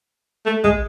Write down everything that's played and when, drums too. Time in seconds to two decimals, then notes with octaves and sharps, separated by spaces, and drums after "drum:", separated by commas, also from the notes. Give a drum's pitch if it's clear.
0.46 A3
0.64 G#3, drum: kick